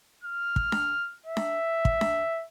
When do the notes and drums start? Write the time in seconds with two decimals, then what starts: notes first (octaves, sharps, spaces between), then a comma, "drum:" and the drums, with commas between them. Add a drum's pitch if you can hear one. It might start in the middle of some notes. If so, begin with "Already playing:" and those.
0.24 F6
0.56 drum: kick
0.72 drum: snare D4
1.26 E5
1.37 drum: snare D4
1.85 drum: kick
2.01 drum: snare D4